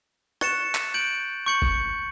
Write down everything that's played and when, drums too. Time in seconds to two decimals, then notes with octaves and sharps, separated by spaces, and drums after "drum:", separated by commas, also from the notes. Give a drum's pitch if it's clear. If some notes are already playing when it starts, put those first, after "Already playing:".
0.41 C#6 F#6 A6 C#7 E7, drum: rim click
0.75 drum: clap
0.94 G6 D7 F#7
1.46 C#6 G6 C#7 F#7
1.62 drum: kick F#1